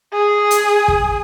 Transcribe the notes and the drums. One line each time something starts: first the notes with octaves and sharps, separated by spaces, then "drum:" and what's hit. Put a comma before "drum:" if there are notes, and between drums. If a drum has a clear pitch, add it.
G#4
drum: hi-hat
drum: kick